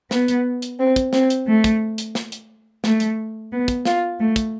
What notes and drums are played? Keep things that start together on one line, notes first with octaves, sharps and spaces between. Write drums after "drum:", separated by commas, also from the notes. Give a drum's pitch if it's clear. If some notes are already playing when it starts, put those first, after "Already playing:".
B3, drum: snare
drum: hi-hat
drum: hi-hat
C4
drum: kick, hi-hat
C4, drum: snare
drum: hi-hat
A3
drum: kick, hi-hat
drum: hi-hat
drum: snare
drum: hi-hat
A3, drum: snare
drum: hi-hat
B3
drum: kick, hi-hat
F4, drum: snare
A3
drum: kick, hi-hat